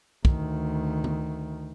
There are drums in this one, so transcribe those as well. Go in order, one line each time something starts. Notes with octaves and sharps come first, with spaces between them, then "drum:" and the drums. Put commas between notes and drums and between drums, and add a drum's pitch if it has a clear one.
D2 D#3, drum: kick
drum: tom